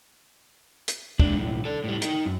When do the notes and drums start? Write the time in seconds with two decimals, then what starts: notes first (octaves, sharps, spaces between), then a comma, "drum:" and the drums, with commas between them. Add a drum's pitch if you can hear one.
0.88 drum: hi-hat
1.20 G#3 D4, drum: kick
1.36 B1 A2
1.65 A4 D5
1.84 A2 G3
2.02 D#4 A#4, drum: hi-hat
2.26 F#2